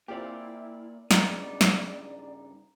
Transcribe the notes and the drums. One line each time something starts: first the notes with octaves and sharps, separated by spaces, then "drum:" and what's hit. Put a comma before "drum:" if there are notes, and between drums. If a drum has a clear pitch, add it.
A#3 C4 E4 F4 G4 D5
G2 C#3 B3 D#4 D5, drum: snare
drum: snare